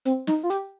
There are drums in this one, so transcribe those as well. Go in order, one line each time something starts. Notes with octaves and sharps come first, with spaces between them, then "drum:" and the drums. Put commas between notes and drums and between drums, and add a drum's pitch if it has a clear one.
C4, drum: hi-hat
D#4, drum: snare
F4
G4, drum: hi-hat